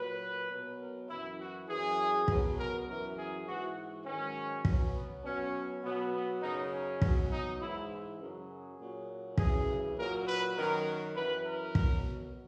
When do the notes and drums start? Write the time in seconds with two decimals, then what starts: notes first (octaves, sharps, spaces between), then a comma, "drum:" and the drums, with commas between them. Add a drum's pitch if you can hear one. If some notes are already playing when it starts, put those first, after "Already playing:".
Already playing: A#2 F#3 B4
0.50 B2 F#3
0.79 A#4
1.09 F#2 E3 E4
1.39 F#4
1.68 F#2 E3 G#4
2.28 B2 F#3, drum: kick
2.57 A#4
2.87 F#2 E3 A#4
3.17 G#4
3.46 G#2 E3 F#4
4.05 G#2 D#3 F#3 C#4
4.65 B2 F#3, drum: kick
4.94 B3
5.24 B2 F#3 C#4
5.83 B2 F#3 B3
6.13 B3
6.42 F#2 C#3 F#3 D#4
6.72 C#4
7.02 B2 F#3, drum: kick
7.31 D#4
7.61 G#2 E3 E4
8.20 F#2 C#3 F#3
8.49 G#4
8.79 A#2 F#3
9.38 F#2 C#3 E3 G#4, drum: kick
9.97 A#2 F#3 A#4
10.27 B4
10.56 F#2 D#3 F#3 A#4
11.16 F#2 E3 B4
11.46 A#4
11.75 B2 F#3, drum: kick